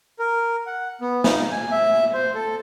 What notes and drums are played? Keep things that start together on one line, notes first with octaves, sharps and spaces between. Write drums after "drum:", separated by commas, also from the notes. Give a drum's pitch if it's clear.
A#4
F#5
B3
D#4, drum: snare
G#5
E5
C5
A4